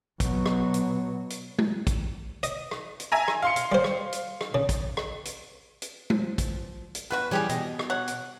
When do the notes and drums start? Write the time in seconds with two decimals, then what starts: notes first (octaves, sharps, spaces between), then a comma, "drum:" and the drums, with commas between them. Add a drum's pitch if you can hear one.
0.20 B2 F#3, drum: kick, hi-hat
0.46 drum: rim click
0.74 drum: hi-hat
1.30 drum: hi-hat
1.59 drum: tom
1.87 drum: kick, hi-hat
2.43 D#5, drum: hi-hat
2.71 drum: rim click
3.00 drum: hi-hat
3.12 E5 G#5 A#5
3.28 drum: rim click
3.42 F5 C6 C#7
3.56 drum: hi-hat
3.72 G3 C5
3.84 drum: rim click
4.12 drum: hi-hat
4.41 drum: rim click
4.55 C#3
4.69 drum: kick, hi-hat
4.97 drum: rim click
5.25 drum: hi-hat
5.82 drum: hi-hat
6.10 F3, drum: tom
6.38 drum: kick, hi-hat
6.95 drum: hi-hat
7.10 E2 B3 F4 F#4 B4
7.31 E3 G3 C#4 G4 G#4 C#5
7.49 B2 D#5, drum: hi-hat
7.79 drum: rim click
7.90 C#5 F#5
8.08 drum: hi-hat